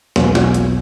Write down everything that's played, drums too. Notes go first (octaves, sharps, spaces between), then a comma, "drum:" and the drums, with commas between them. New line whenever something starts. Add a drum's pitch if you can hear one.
B1 E2, drum: snare
drum: snare
drum: hi-hat